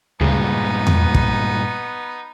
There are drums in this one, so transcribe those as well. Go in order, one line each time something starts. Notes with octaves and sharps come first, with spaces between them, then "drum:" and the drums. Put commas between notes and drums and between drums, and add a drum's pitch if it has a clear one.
D2 G2 A#2 C#3 G#3 B3 D#4
drum: tom E2
drum: kick